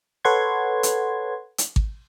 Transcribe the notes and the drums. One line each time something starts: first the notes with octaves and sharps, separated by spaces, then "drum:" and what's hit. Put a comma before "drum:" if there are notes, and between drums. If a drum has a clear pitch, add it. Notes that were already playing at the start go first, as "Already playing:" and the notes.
A4 B4 C#5 F#5 C6 G#6
drum: hi-hat
drum: hi-hat
drum: kick G#1